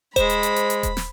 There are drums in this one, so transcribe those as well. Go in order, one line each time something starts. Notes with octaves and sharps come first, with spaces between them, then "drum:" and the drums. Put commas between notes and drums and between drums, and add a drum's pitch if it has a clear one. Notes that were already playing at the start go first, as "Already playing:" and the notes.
G#3 C5 B5, drum: kick D#1, hi-hat
drum: hi-hat
drum: hi-hat
drum: hi-hat
drum: hi-hat
drum: kick D#1, hi-hat
drum: snare